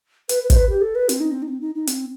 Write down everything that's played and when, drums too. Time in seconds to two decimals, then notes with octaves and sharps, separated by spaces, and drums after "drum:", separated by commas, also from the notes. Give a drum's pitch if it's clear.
0.29 B4, drum: hi-hat
0.43 B4
0.50 C5, drum: kick, hi-hat
0.56 B4
0.69 G4
0.81 A4
0.95 B4
1.09 C4, drum: hi-hat
1.20 D#4
1.32 C4
1.42 D#4
1.48 C4
1.61 D#4
1.75 D#4
1.87 C4, drum: hi-hat